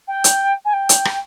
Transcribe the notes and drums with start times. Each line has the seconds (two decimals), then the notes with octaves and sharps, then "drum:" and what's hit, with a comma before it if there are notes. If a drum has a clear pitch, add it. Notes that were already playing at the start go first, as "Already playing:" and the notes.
0.07 G5
0.24 drum: hi-hat
0.65 G#5
0.73 G5
0.89 drum: hi-hat
1.05 drum: rim click